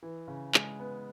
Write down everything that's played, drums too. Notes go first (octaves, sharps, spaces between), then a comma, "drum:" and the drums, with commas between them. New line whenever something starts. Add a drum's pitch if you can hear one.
E3
C#3
G#3, drum: clap
B3